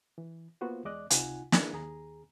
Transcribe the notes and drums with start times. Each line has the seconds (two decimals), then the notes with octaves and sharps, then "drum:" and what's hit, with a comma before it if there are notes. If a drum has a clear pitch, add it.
0.18 E3
0.61 A#3 B3 F4 F#4 B4 C5
0.85 E2 G#3 D5 D#5 D6 F#6
1.10 C#2 C3 D#4 F4 F#5 G#5, drum: hi-hat
1.52 A#3 D4 E4 G#4 A#4 B4, drum: snare
1.73 D#2 G#4 A#5